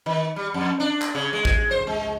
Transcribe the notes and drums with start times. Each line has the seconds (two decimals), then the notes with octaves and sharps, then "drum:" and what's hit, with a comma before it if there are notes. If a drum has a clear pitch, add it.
0.06 D#3
0.36 G3
0.54 F2
0.80 D4
1.02 drum: clap
1.15 C#3
1.33 G#3
1.45 drum: kick A1
1.71 C5
1.87 G#3